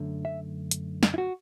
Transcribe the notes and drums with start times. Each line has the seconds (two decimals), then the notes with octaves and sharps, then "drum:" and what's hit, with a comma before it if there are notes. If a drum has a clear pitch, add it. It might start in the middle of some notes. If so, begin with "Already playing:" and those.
Already playing: F#2 D3 A3
0.25 E5
0.71 drum: hi-hat
1.03 drum: snare
1.14 E4
1.18 F#4